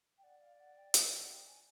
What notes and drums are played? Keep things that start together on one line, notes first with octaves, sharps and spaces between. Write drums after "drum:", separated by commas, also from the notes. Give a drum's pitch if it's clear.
G5
D5 F#5
F5
F#5
G5
G5, drum: hi-hat
G5
F#5
G5
G#5